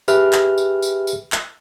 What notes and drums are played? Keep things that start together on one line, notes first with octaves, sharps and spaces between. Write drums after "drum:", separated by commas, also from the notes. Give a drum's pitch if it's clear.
G4 G#4 B4 E5 F6, drum: tambourine
drum: clap
drum: tambourine
drum: tambourine
drum: tambourine
drum: clap